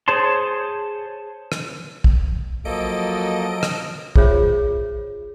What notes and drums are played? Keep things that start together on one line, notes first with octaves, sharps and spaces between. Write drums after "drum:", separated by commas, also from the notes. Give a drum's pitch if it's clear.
G#4 C5 C#5 A5 C6
drum: rim click
drum: kick
F3 F#3 A#3 A4 D#5 D7
drum: rim click
F4 G#4 C5 C#5 E5, drum: kick